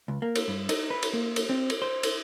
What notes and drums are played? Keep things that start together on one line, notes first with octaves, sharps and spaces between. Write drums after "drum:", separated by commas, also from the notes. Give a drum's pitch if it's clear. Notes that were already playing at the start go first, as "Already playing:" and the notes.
C#2
A#3
drum: cymbal
G2
D#4, drum: cymbal
B4
drum: cymbal
A#3
drum: cymbal
C4
drum: cymbal
C5
drum: cymbal